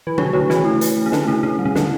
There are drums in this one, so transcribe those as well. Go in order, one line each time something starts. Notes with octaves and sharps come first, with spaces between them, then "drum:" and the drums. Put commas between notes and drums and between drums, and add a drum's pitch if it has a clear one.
E3
D3 F#3 B4, drum: tom B2
D3 F#3 A3
C#3 E3 A3, drum: snare
E4
B4, drum: hi-hat
A3
C#3
D3 A3, drum: snare
C#3 E4
C#3 E4
G3
C#3
D3 G3, drum: snare